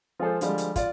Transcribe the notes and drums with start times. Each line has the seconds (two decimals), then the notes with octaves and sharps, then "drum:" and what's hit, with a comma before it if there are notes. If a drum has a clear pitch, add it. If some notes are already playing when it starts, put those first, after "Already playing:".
0.19 F3 G#3 G#4 A4 C5
0.41 D3 F3 G3 G#3, drum: hi-hat
0.58 drum: hi-hat
0.76 F4 D5, drum: kick, hi-hat